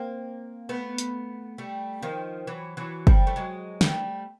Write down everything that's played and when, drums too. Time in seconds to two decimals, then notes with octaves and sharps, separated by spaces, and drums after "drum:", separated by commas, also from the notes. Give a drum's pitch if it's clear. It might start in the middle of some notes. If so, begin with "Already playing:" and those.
Already playing: A#3 C4
0.69 A3 B3
0.98 drum: hi-hat
1.58 G3 A3
2.03 D#3 F3
2.47 E3 F#3
2.77 E3 F#3
3.07 F3 G3, drum: kick
3.27 A3
3.36 F#3 G#3
3.81 G3 A3, drum: snare